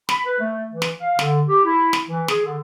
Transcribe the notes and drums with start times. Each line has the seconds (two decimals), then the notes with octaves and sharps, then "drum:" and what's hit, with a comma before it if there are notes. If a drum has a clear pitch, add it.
0.09 B5, drum: snare
0.25 B4
0.39 A3
0.71 E3
0.82 drum: snare
1.01 F5
1.19 D3, drum: snare
1.47 G4
1.64 E4
1.93 drum: snare
2.08 E3
2.28 G#4, drum: snare
2.45 D3